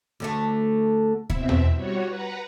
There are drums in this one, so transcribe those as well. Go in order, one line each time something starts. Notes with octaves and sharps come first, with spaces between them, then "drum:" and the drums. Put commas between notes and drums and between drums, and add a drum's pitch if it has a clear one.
D2 D3 A3
B2 C4 E4 E5, drum: kick C#2
drum: tom E2
G3 F#4 C#5
B4 F#5 A#5